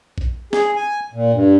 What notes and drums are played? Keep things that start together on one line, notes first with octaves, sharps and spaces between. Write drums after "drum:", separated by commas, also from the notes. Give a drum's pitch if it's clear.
drum: kick A#1
G#4, drum: snare
G#5
A#2
G2